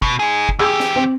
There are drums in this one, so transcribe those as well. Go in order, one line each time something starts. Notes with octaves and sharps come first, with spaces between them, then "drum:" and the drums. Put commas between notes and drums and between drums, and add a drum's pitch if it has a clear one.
B2, drum: kick
D#4 G#4
drum: kick
E2 G4 G#4 E6
drum: snare
C4